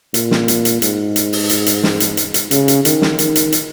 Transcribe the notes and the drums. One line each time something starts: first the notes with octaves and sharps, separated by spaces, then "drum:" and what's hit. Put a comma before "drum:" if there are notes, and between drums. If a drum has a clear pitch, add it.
A#2, drum: hi-hat
drum: snare
drum: hi-hat
drum: hi-hat
G#2, drum: hi-hat
drum: hi-hat
drum: open hi-hat
drum: hi-hat
drum: hi-hat
drum: snare
drum: hi-hat
drum: hi-hat
drum: hi-hat
C#3, drum: hi-hat
drum: hi-hat
D#3, drum: hi-hat
drum: snare
D#3, drum: hi-hat
drum: hi-hat
drum: hi-hat